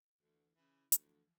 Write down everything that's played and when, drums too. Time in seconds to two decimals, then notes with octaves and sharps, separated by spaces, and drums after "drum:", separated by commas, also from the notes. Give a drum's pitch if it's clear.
0.19 D2 E3
0.55 C#3 E3
0.92 D2 F3, drum: hi-hat